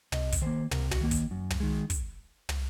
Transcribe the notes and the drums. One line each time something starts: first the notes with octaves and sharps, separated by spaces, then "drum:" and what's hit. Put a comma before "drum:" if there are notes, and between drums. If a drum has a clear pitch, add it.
C3 D#5, drum: tom
drum: kick, hi-hat
D#3 A#3 C5
C3 A#4, drum: tom
F#4, drum: tom
D#3 A#3
drum: kick, hi-hat
F#2
drum: tom
D#3 G#3
drum: kick, hi-hat
drum: tom